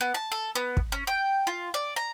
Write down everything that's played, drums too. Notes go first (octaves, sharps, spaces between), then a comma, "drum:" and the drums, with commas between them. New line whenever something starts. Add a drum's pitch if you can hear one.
B3
A5
A4
B3
drum: kick
C#4
G5
F4
D5
A#5